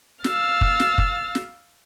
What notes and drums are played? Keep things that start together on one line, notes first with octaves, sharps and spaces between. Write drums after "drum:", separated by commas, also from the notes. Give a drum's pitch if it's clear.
F5 E6 F6 A6, drum: snare
drum: kick
drum: snare
drum: kick
drum: snare